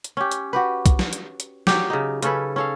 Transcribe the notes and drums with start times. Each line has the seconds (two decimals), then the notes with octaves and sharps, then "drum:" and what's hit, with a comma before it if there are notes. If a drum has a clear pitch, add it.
0.04 drum: hi-hat
0.17 C#4 G4
0.31 drum: hi-hat
0.53 F#4 G4 B4
0.86 drum: kick, hi-hat
0.99 drum: snare
1.13 drum: hi-hat
1.40 drum: hi-hat
1.67 F#3 G4, drum: snare
1.90 C#3 D#4
2.23 C#3 C#4 A4 B4, drum: hi-hat
2.56 C#4 A4 F5